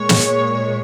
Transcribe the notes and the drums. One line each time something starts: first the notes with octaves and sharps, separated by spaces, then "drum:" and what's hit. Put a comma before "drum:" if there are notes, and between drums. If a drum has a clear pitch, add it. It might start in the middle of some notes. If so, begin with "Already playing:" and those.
Already playing: A#2 G#3 C#5
drum: snare